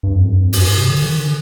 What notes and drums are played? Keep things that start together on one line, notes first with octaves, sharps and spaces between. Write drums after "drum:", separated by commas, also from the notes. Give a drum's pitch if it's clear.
G2
F2
G2
F2
G2, drum: open hi-hat
G#2
C3
D3
D#3
D3